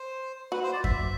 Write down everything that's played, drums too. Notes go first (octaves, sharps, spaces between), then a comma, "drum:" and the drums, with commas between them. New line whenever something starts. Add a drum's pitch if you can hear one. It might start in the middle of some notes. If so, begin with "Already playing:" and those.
Already playing: C5
F#4 B4
C5
D5
E5, drum: kick F2